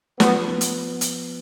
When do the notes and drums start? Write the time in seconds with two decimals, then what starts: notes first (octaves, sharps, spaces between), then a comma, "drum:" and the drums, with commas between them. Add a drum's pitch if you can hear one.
0.20 F3 B3, drum: snare
0.48 B3
0.61 drum: hi-hat
1.01 drum: hi-hat